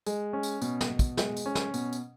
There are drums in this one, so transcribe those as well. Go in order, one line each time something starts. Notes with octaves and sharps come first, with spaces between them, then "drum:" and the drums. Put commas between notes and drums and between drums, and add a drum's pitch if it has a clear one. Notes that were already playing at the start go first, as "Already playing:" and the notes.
G#3, drum: tambourine
C#4
drum: tambourine
B2, drum: tambourine
drum: snare
B2
drum: kick, tambourine
G#3, drum: snare
drum: tambourine
C#4
drum: snare
B2, drum: tambourine
drum: tambourine